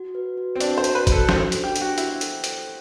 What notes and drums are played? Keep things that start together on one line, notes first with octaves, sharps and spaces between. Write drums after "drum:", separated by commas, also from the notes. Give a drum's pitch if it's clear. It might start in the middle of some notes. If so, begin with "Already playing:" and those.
Already playing: F#4
B4
F#4
C4
D4 F#4, drum: hi-hat
C5
F#4, drum: hi-hat
B4
F#4, drum: kick, hi-hat
A4
A4 C5, drum: snare
D4, drum: hi-hat
G4
D4, drum: hi-hat
F#4
E4 C5, drum: hi-hat
A4, drum: hi-hat
C5, drum: hi-hat